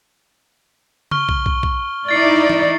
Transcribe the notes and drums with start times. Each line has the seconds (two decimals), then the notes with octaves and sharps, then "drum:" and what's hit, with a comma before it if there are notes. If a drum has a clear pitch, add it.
1.11 C#6 F6 G7, drum: tom C#3
1.29 drum: kick
1.46 drum: kick
1.63 drum: kick
2.08 D#4 E4 D5 A6 C7 C#7
2.50 drum: tom E3